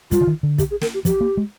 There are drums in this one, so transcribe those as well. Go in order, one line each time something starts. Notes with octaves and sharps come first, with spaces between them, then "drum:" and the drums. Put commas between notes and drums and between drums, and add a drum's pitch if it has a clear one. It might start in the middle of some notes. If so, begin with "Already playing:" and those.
G3 F4, drum: kick, hi-hat
D3
D#3
D3
G4, drum: kick, hi-hat
G#4
A#4, drum: snare
G4
F3 G4, drum: kick, hi-hat
A#3
G#3